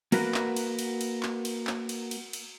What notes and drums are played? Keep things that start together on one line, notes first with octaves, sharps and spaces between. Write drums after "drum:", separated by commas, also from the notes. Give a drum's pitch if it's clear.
A#3 F#4 A#4 B4, drum: cymbal
drum: clap
drum: cymbal
drum: cymbal
drum: cymbal
drum: clap
drum: cymbal
drum: clap
drum: cymbal
drum: cymbal
drum: cymbal